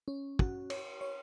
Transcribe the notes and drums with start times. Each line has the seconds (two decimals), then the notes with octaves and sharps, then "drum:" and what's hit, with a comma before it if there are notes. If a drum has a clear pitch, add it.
0.08 C#4
0.39 F#4, drum: kick
0.70 C#5, drum: cymbal
1.01 C#5